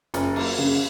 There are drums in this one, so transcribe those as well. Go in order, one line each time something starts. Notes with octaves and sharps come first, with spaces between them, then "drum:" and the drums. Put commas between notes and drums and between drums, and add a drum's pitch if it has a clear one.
F#1, drum: hi-hat
A#3, drum: cymbal
C#3